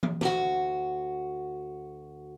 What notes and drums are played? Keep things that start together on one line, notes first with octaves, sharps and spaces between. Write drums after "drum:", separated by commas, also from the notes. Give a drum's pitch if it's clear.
drum: tom E3
D2 F#4, drum: snare